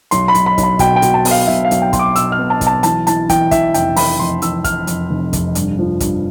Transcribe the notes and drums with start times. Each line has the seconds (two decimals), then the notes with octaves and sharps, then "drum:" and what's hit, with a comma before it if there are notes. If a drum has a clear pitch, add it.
0.11 B1 C6, drum: hi-hat
0.28 B5
0.35 B1, drum: hi-hat
0.46 B5
0.58 B1, drum: kick, hi-hat
0.63 B5
0.79 B2 G5, drum: kick, hi-hat
0.96 G5
1.02 B2, drum: hi-hat
1.14 A5
1.25 B3, drum: open hi-hat
1.31 F5
1.47 B1 E5
1.65 F5
1.71 B1, drum: hi-hat
1.82 G5
1.93 B1 C6, drum: kick, hi-hat
1.99 D6
2.16 B2 E6, drum: hi-hat
2.32 F6
2.39 B3
2.50 A5
2.61 B1, drum: kick, hi-hat
2.67 A5
2.83 E3 A5, drum: hi-hat
3.07 E3 A5, drum: hi-hat
3.29 E3 G5, drum: kick, hi-hat
3.51 E3 E5, drum: kick, hi-hat
3.74 F1 G5, drum: hi-hat
3.96 E3 B5, drum: open hi-hat
4.19 F2 C6
4.42 E3 E6, drum: hi-hat
4.64 F2 F6, drum: kick, hi-hat
4.87 F2, drum: hi-hat
5.10 F1
5.33 F1, drum: kick, hi-hat
5.55 G2, drum: hi-hat
5.79 F3
6.00 G2, drum: kick, hi-hat